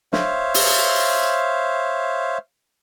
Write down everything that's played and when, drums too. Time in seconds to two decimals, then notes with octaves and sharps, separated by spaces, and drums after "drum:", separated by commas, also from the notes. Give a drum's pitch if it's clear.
0.13 C5 C#5 E5 F5, drum: snare
0.54 drum: open hi-hat